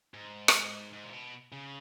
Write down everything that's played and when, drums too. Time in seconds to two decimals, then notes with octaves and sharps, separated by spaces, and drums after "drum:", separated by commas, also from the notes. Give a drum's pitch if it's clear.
0.14 G#2
0.48 drum: rim click
0.93 G#2
1.04 A#2
1.13 B2
1.52 C#3